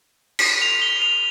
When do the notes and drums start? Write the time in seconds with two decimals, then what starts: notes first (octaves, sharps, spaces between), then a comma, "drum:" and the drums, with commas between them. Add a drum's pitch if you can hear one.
0.39 drum: cymbal
0.62 F7
0.82 G7
1.02 F7